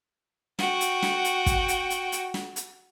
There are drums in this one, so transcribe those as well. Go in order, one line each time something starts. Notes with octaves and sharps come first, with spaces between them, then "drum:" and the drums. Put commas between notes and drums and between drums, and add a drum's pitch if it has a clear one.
F#4 G5, drum: snare
drum: hi-hat
drum: snare
drum: hi-hat
drum: kick, hi-hat
drum: hi-hat
drum: hi-hat
drum: hi-hat
drum: snare
drum: hi-hat